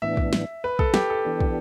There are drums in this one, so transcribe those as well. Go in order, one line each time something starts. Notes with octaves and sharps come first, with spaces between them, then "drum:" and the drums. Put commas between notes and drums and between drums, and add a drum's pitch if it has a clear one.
A2 E3 B3 D4 E5
drum: kick
drum: snare
B4
A4, drum: kick
G4, drum: snare
A4
E3 B3 D4 G4
drum: kick